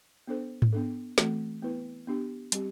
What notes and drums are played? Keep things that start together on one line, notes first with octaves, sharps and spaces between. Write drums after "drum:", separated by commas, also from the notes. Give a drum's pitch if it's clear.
B3 D4 A4 C5
drum: tom G#2
B3 D4 A4
E3 A3 C4 F#4 A4, drum: snare
B3 E4 B4
B3 D4 G4
G3 C4 G4, drum: hi-hat